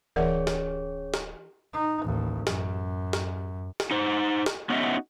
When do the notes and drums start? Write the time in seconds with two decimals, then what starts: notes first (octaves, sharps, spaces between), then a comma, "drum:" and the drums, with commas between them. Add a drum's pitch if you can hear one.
0.16 D1 E3 C#4 G#4 A#4 C#5 D5 F#5
0.47 drum: snare
1.14 drum: snare
1.73 D#4
2.04 A1 D#2
2.47 F#2, drum: snare
3.13 drum: snare
3.80 drum: snare
3.91 D#4 C5
4.46 drum: snare
4.70 B3 C#4 D#4 F#4 D#5 E5